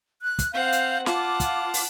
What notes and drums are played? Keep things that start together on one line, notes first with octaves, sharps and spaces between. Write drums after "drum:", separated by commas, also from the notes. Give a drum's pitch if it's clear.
F#6
drum: kick, hi-hat
C4 F5 F#5 G6
drum: hi-hat
F4 F#5 A5 D6, drum: snare
drum: kick, hi-hat
drum: open hi-hat